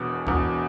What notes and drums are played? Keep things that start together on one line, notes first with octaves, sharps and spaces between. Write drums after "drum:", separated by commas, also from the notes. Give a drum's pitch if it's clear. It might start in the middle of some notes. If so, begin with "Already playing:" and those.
Already playing: E1 E2 B2
E1 E2 B2, drum: kick